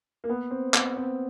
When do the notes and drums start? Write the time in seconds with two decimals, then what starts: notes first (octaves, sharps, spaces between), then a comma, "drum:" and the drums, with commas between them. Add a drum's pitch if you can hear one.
0.24 A#3
0.29 B3
0.51 C4
0.74 B3, drum: clap
0.96 C4